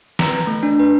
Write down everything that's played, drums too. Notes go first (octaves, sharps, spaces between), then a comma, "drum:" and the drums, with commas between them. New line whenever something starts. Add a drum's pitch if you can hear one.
A#5, drum: snare
A3
D4
B4